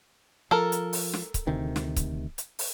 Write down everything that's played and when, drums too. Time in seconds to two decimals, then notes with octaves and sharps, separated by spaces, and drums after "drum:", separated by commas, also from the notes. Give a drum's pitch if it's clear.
0.51 F3 A4 A#4
0.72 drum: hi-hat
0.93 drum: open hi-hat
1.13 drum: snare
1.34 drum: kick C#1, hi-hat
1.47 D2 C3 D#3
1.76 drum: snare
1.96 drum: kick C#1, hi-hat
2.38 drum: hi-hat
2.59 drum: open hi-hat